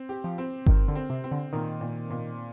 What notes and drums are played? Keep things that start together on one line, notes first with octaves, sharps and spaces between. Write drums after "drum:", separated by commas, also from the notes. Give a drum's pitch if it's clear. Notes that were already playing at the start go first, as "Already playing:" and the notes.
Already playing: C4
G4
F3
C4
D#3 A#4, drum: kick G1
D3
C4
C3
C4
D3
A#2 D#3
A#2
A#2